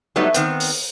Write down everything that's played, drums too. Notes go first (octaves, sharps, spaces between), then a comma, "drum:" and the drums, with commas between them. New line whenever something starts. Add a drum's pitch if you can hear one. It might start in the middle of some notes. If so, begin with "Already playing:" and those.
F#3 G3 A3 B3 D#4
D#3 B3 C4, drum: hi-hat
drum: open hi-hat